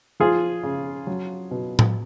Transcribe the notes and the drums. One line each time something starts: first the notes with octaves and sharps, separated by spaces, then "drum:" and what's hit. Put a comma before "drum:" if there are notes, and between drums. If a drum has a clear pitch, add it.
F3 F4 G#4
C#3
F#3
B2
drum: tom A2